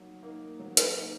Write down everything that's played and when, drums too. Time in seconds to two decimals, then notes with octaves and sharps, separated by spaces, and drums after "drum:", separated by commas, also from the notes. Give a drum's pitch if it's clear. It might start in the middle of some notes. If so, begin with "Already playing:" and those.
Already playing: F#3 A#3 D#4
0.23 A#3 D#4
0.59 F#3
0.77 drum: hi-hat
0.95 A#3 D#4